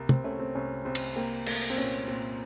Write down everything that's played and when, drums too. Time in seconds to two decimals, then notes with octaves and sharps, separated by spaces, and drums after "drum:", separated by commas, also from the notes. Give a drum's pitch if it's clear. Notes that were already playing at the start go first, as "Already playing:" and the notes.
Already playing: C2 A#3
0.09 C4, drum: tom
0.24 A3 C#4
0.39 C4
0.55 C2 C#4
0.85 C2 C4
0.95 drum: cymbal
1.16 A#3 C4
1.46 A3 A#3, drum: cymbal
1.70 C4
1.78 A#2 C#4
2.08 A#2 C4